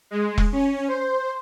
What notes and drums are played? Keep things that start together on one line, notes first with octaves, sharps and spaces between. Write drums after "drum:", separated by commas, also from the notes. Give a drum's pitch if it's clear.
G#3
drum: kick E1
C#4
C5